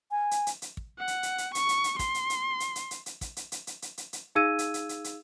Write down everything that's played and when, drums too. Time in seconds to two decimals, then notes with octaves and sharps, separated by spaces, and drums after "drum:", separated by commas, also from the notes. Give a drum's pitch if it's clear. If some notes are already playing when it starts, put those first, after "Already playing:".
0.11 G#5
0.31 drum: hi-hat
0.47 drum: hi-hat
0.62 drum: hi-hat
0.77 drum: kick
0.98 F#5
1.08 drum: hi-hat
1.23 drum: hi-hat
1.38 drum: hi-hat
1.55 C#6, drum: hi-hat
1.69 drum: hi-hat
1.84 drum: hi-hat
1.99 C6, drum: kick, hi-hat
2.14 drum: hi-hat
2.30 drum: hi-hat
2.60 drum: hi-hat
2.75 drum: hi-hat
2.91 drum: hi-hat
3.06 drum: hi-hat
3.21 drum: kick, hi-hat
3.37 drum: hi-hat
3.52 drum: hi-hat
3.67 drum: hi-hat
3.82 drum: hi-hat
3.98 drum: hi-hat
4.13 drum: hi-hat
4.35 D#4 G#4 F5 E6 G#6 D#7
4.59 drum: hi-hat
4.74 drum: hi-hat
4.89 drum: hi-hat
5.04 drum: hi-hat